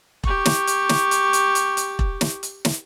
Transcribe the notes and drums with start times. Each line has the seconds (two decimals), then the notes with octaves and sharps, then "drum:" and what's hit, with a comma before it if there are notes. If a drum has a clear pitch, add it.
0.24 G4 C#6, drum: kick E1
0.45 drum: snare
0.67 drum: hi-hat
0.89 drum: snare
1.11 drum: hi-hat
1.33 drum: hi-hat
1.55 drum: hi-hat
1.77 drum: hi-hat
1.99 drum: kick E1
2.21 drum: snare
2.43 drum: hi-hat
2.65 drum: snare